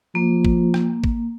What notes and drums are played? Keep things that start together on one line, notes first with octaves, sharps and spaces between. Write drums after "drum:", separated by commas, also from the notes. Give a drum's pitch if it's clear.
F3 A#3
drum: kick
drum: rim click
drum: kick